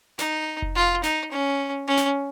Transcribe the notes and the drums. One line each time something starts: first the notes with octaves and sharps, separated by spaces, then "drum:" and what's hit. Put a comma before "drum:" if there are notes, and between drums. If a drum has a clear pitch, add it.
D#4, drum: snare
drum: kick F1
F4
D#4, drum: snare
C#4
C#4
drum: snare